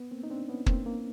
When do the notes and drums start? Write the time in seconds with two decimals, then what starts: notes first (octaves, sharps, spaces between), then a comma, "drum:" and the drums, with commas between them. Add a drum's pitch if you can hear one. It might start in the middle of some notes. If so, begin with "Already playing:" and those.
Already playing: B3
0.11 A#3 C4
0.23 D#4
0.30 C4 D4
0.48 B3 C#4
0.66 A#3 C4, drum: kick
0.86 A#3